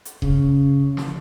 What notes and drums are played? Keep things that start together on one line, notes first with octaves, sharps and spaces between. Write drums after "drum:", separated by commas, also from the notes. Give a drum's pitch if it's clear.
drum: hi-hat
C#3, drum: kick D#1
drum: snare